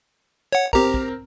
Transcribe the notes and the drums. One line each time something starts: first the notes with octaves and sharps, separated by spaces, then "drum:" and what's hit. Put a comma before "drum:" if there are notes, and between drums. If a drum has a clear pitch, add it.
C#5 F#5
C4 G4 A#4 A#5, drum: kick
drum: kick